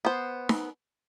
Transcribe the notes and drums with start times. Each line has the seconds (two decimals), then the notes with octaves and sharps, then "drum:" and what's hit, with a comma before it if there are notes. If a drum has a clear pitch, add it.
0.05 B3 C5
0.49 drum: snare D#4